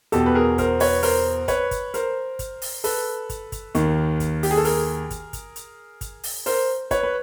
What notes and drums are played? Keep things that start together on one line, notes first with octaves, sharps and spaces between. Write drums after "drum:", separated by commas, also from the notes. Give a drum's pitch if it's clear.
E2 B2 G4 A4, drum: hi-hat
B4
G#4 A#4
A#4 C5, drum: kick, hi-hat
B4 C#5, drum: open hi-hat
A#4 C5, drum: open hi-hat
B4 C#5, drum: kick, hi-hat
drum: kick, hi-hat
A#4 C5, drum: hi-hat
drum: kick, hi-hat
drum: open hi-hat
A4 B4, drum: open hi-hat
drum: kick, hi-hat
drum: kick, hi-hat
D#2 D#3, drum: hi-hat
drum: kick, hi-hat
G4, drum: open hi-hat
G#4
A4
G#4 A#4, drum: open hi-hat
drum: kick, hi-hat
drum: kick, hi-hat
drum: hi-hat
drum: kick, hi-hat
drum: open hi-hat
A#4 C5, drum: open hi-hat
B4 C#5, drum: kick, hi-hat
B4